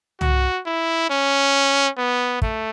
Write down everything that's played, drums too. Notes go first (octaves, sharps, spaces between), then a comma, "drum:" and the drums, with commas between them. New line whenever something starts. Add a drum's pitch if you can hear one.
F#4, drum: tom
E4
C#4
B3
A3, drum: kick